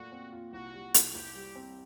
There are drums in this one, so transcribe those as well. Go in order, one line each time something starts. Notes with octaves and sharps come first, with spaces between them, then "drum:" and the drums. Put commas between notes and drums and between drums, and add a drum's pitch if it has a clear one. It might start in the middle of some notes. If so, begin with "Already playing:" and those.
Already playing: A#2 A3 F#4
C4
F4
C2 F#4
G3
C2, drum: hi-hat
C2 G4
G3
C4